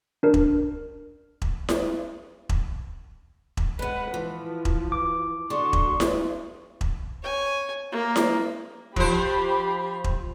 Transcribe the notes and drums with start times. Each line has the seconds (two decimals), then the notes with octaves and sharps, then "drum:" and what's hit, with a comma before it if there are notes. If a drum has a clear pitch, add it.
0.23 D4 A#4
0.34 drum: kick E1
1.42 drum: kick E1
1.69 drum: snare E4
2.49 drum: kick E1
3.57 drum: kick E1
3.79 C3 G#3 B4 F#5
4.14 E3 F3 B4
4.65 drum: kick E1
4.92 D6
5.50 D3 A3 D4 F#4 C6 C#6
5.73 drum: kick E1
6.00 drum: snare E4
6.81 drum: kick E1
7.23 C#5 G#5
7.92 A#3
8.16 drum: snare E4
8.96 F3 G4 C5 B5, drum: kick E1
10.04 drum: kick E1